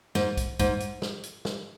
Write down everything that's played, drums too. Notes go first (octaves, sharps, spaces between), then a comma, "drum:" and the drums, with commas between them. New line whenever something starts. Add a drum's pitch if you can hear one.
G#2, drum: snare
drum: kick, hi-hat
G#2, drum: kick, hi-hat
drum: hi-hat
drum: snare
drum: hi-hat
drum: snare